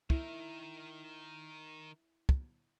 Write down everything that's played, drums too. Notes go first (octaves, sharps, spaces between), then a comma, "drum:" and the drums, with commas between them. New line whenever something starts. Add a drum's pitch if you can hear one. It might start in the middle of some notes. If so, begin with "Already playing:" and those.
D#3 E4 A#4, drum: kick
drum: kick